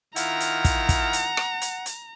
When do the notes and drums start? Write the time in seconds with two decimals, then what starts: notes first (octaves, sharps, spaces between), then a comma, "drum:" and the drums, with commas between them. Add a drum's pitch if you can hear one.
0.16 D#3 E4 F4 F#5 A#5, drum: hi-hat
0.40 drum: hi-hat
0.65 drum: kick, hi-hat
0.89 drum: kick, hi-hat
1.13 drum: hi-hat
1.37 drum: rim click
1.61 drum: hi-hat
1.86 drum: hi-hat